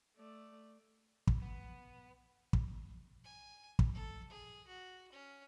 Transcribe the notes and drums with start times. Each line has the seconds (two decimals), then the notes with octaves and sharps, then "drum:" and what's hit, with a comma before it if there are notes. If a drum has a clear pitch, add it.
0.16 A3 D5
1.27 drum: kick
1.42 B3
2.53 drum: kick
3.24 G#5
3.79 drum: kick
3.95 A4
4.29 G#4
4.68 F#4
5.12 C#4